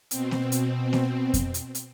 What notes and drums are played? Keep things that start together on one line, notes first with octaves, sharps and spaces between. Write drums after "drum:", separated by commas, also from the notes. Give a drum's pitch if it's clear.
B2 C4, drum: hi-hat
drum: snare A#3
drum: hi-hat
drum: snare A#3
drum: kick F2, hi-hat
drum: hi-hat
drum: hi-hat